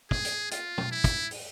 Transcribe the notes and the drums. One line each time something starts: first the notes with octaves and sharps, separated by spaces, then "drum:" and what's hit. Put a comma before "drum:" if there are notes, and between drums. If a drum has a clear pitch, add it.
G#4, drum: kick
drum: hi-hat
F4, drum: hi-hat
drum: tom
E4
drum: kick, hi-hat
drum: open hi-hat